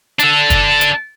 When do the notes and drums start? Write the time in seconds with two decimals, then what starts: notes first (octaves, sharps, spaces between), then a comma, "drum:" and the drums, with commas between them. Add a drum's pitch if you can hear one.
0.20 D4 A4, drum: hi-hat
0.50 drum: kick, hi-hat
0.81 drum: hi-hat